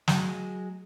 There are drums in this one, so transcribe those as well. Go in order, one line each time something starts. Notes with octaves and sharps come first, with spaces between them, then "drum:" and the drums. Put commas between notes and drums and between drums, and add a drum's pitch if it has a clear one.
F#3 G#3, drum: snare